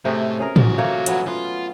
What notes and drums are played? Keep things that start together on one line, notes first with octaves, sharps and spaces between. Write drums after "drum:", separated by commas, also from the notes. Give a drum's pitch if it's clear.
A2 C3 G#3 A3
C#4 G#4 A#4
F3 F#4, drum: tom A2
A3 A#3 C#5
F#3 B3 C#4, drum: hi-hat
B3 F4